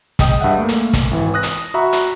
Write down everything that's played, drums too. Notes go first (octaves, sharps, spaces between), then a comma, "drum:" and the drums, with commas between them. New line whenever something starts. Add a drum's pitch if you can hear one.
G#4 D#5 G5 D#6, drum: kick, hi-hat
G2 E5 F#5
A3 A#3
drum: hi-hat
drum: kick, hi-hat
G#1 E3
D#6 F#6 A#6
drum: hi-hat
F#4 E5 A#5 B5 C#6
drum: hi-hat